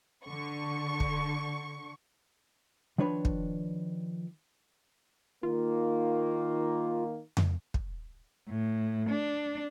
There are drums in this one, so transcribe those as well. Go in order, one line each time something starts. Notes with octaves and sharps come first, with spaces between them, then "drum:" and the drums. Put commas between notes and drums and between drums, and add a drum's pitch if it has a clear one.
D3 C#6
drum: kick
D#3 F3 D4 B4 C#5 B5
drum: kick
D#3 A#3 F4
drum: tom F2
drum: kick
A2
D4